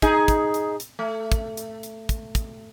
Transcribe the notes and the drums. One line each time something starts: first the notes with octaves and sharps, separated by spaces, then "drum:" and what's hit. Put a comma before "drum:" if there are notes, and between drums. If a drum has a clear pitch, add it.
D#4 G#4, drum: kick, hi-hat
drum: kick, hi-hat
drum: hi-hat
drum: hi-hat
A3
drum: kick, hi-hat
drum: hi-hat
drum: hi-hat
drum: kick, hi-hat
drum: kick, hi-hat